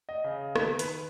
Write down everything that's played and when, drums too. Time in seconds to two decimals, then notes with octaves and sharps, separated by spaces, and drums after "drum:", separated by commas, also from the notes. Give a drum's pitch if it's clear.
0.09 D#5
0.24 C#3
0.56 D#3 B4, drum: rim click
0.79 B4, drum: hi-hat